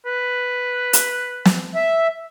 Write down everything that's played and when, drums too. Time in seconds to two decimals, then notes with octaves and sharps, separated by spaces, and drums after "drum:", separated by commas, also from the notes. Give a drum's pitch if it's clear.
0.05 B4
0.93 drum: hi-hat
1.45 drum: snare
1.75 E5